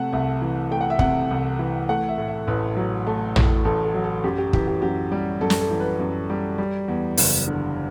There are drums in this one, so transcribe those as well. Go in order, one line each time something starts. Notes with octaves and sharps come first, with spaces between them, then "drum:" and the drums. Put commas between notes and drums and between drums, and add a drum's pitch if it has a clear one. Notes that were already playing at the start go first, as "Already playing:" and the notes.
Already playing: C3 A3 F#5 A5
C2 E5
E3
A3 G5
F#5
E5
C3 F#5, drum: kick
C2
E3
A3 F#5
E5
A2
E5
A1 B4
F#3
A3 A4
A2, drum: tom
A1 A4
A4
F#3
A4
F#2 G4
G4
E3 G4, drum: kick
G4
F#2 G4
G3
F#2 A4
drum: snare
A4
E3
B4
F#2
G3
G3
E2
F#1, drum: open hi-hat
D3